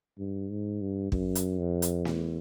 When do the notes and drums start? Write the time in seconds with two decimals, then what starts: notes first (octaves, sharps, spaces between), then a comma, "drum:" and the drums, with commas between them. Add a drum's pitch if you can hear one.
0.18 G2
0.50 G#2
0.81 G2
1.12 F#2, drum: kick
1.35 drum: hi-hat
1.59 F2
1.82 drum: hi-hat
2.05 E2, drum: snare